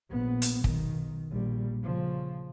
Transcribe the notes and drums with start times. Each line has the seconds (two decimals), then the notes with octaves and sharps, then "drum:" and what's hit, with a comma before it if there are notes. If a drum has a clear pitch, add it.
0.10 A#1 B3
0.42 drum: hi-hat
0.64 B1 D#3, drum: kick
1.31 A#1 G3
1.83 C#3 F3